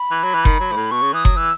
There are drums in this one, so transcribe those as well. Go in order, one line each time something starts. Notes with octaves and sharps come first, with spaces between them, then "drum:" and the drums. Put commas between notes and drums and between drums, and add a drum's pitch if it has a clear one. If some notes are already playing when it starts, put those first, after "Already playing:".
Already playing: B5
E3
F#3
E3
D#3, drum: kick F#1
F#3
G#2
A2
B2 C#6
C#3
E3 D#6
F#3, drum: kick F#1
E3 E6